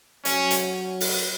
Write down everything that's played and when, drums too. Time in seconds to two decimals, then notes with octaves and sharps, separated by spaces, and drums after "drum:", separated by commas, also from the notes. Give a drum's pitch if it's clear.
0.25 F#3 C#4, drum: hi-hat
0.51 drum: hi-hat
1.01 drum: open hi-hat